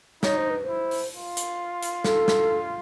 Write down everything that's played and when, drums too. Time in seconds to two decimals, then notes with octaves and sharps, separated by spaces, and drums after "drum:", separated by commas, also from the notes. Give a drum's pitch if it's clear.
0.23 D#4 C#5, drum: snare
0.37 C5
0.50 B4
0.64 E4 C5
0.91 drum: open hi-hat
1.14 F4
1.37 drum: hi-hat
1.82 drum: hi-hat
2.04 A4, drum: snare
2.28 drum: snare